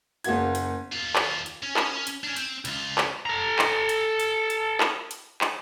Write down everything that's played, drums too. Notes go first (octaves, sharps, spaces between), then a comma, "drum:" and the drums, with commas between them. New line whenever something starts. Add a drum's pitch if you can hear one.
F#1 A#3 B3 F#4 G#6, drum: hi-hat
drum: hi-hat
D#2 F4
drum: clap
drum: hi-hat
C#4
drum: clap
drum: hi-hat
C#4 D4
C4, drum: hi-hat
C#2 F4, drum: hi-hat
drum: clap
A4 A#5
drum: clap
drum: hi-hat
drum: hi-hat
drum: hi-hat
drum: clap
drum: hi-hat
drum: clap